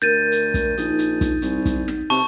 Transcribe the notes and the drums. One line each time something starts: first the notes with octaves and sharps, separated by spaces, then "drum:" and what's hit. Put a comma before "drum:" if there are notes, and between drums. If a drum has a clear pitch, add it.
D2 A#4 G6 A6 D#7
drum: hi-hat
drum: kick, hi-hat
A#1 D#4, drum: hi-hat
drum: hi-hat
drum: kick, hi-hat
C2, drum: hi-hat
drum: kick, hi-hat
drum: snare
C3 A5 C#6, drum: open hi-hat